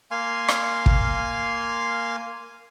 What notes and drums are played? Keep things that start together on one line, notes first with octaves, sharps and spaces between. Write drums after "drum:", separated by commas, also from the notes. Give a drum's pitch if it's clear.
A#3 F5 G#5 C6
drum: rim click
drum: kick